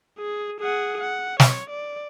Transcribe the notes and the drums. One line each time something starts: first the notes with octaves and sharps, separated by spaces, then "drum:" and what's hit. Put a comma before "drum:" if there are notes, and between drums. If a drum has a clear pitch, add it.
G#4
G#4 F#5
F#5
C#5, drum: snare
D5